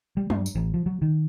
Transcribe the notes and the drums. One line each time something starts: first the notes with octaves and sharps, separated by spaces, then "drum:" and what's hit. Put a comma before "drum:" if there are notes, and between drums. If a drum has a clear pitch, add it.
G3
G2, drum: tom F#3
drum: tambourine
A1
F3
F#3
D#3